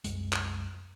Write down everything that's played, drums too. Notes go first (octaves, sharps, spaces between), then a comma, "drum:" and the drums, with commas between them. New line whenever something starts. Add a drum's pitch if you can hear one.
C2 F#2 G#3, drum: hi-hat
drum: clap